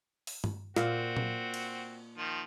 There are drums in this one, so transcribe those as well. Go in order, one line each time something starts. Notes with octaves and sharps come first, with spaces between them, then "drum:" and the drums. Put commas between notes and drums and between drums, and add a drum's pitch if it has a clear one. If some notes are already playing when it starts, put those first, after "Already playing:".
drum: open hi-hat
drum: tom G2
A#2 C4 F#4 F5, drum: snare
drum: tom A#2
drum: cymbal
D#3 F3